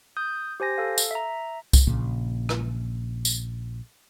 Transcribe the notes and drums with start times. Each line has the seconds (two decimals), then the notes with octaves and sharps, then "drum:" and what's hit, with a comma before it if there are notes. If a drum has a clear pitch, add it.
0.17 D#6 G6
0.60 G4 C5 G#5 A#6
0.78 A4 F5
0.98 drum: tambourine
1.11 E5 A#5
1.73 drum: kick C2, tambourine
1.87 A#1 A#2 C#3 A#3
2.49 drum: rim click
3.25 drum: tambourine